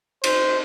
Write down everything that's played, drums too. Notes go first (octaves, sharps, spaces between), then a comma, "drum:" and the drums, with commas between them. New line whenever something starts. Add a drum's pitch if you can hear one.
C5, drum: cymbal